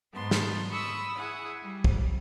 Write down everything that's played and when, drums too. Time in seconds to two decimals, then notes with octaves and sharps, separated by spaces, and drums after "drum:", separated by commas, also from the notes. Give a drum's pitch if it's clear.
0.12 G#2 B3 A5 C6
0.31 drum: snare
0.70 B5 C#6 D#6 E6
1.15 E4 G#4 F#5
1.63 G3
1.84 drum: kick